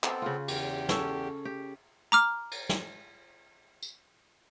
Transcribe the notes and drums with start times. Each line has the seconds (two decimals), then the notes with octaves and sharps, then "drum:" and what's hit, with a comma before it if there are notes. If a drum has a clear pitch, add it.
0.04 B3 C4 A4, drum: clap
0.22 C#3 F4
0.48 E2 G4, drum: cymbal
0.89 C#4 A4, drum: snare
1.45 G4
2.12 A#5 D6 F6
2.51 drum: cymbal
2.69 drum: snare
3.83 drum: tambourine